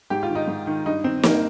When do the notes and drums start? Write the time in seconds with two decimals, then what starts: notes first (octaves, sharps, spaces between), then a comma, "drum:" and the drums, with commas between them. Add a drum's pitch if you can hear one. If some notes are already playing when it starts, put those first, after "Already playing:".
0.10 G#2 G4
0.23 F4
0.29 D#3
0.35 D#4
0.48 G#2
0.67 D#3
0.86 G2 D#4
1.04 D#3 C4
1.23 G2 A#3, drum: snare